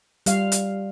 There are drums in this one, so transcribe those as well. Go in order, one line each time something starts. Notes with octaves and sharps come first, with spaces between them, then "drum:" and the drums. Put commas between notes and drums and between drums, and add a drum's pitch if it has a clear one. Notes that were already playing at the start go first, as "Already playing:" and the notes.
G3 F5, drum: hi-hat
drum: hi-hat